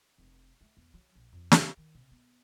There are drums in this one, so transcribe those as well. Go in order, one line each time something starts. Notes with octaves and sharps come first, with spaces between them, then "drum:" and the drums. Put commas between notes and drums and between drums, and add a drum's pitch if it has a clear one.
F1
A3
E2
F#3
A#1
F2
drum: snare
D#3
C3
B3